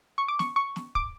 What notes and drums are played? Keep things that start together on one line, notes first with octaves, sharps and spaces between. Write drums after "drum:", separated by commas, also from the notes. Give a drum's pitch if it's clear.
C#6
D6
C#6, drum: snare
C#6
drum: snare
D6, drum: kick